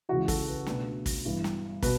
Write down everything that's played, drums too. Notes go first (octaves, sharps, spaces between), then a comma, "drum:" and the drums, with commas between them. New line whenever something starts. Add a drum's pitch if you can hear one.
C#2 C#3 E3 F#4
A4, drum: kick, open hi-hat
B4
B2 A3 D4 B4, drum: snare
drum: kick, open hi-hat
G2 E3 B3 D4
drum: snare
B2 B4, drum: kick, open hi-hat